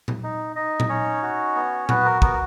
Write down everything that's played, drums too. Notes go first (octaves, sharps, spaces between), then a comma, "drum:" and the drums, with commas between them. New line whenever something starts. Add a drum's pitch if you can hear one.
drum: tom A#2
D#4
D#4 D#5
drum: tom A#2
C#4 D#4 C#5
F#4
B3
B3 F#4 B4, drum: tom A#2
A#4
B3 A#4, drum: kick